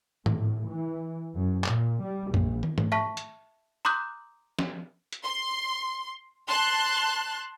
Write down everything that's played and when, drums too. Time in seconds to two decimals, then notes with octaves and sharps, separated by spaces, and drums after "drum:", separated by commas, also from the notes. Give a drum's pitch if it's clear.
0.26 A2, drum: tom G#2
0.70 E3
1.35 F#2
1.64 A#2, drum: clap
2.02 G3
2.34 A#1, drum: tom
2.63 drum: tom
2.78 drum: tom G#2
2.92 E5 A5 C#6 B6
3.17 drum: hi-hat
3.85 A#5 C6 D6 D#6 F#6 G6
4.59 drum: snare
5.13 drum: hi-hat
5.24 C6
6.49 A5 C6 F#6